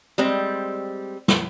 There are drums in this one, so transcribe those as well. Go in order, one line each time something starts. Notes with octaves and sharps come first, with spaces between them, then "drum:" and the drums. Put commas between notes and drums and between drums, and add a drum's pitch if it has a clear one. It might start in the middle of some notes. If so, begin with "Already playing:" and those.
G3 G#3 C4
drum: snare